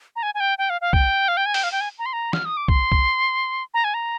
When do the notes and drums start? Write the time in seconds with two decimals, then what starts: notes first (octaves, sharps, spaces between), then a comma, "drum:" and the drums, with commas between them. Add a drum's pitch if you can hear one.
0.16 A#5
0.23 G#5
0.35 G#5
0.40 G5
0.58 G5
0.70 F5
0.81 F5
0.93 G5, drum: kick
1.28 F5
1.37 G5
1.46 G#5
1.54 G5, drum: open hi-hat
1.64 F5
1.72 G5
1.81 G#5
1.99 A#5
2.06 C6
2.13 A#5
2.33 F6, drum: snare
2.45 D#6
2.57 D6
2.68 C6, drum: kick
2.92 drum: kick
3.74 A#5
3.84 G#5
3.94 A#5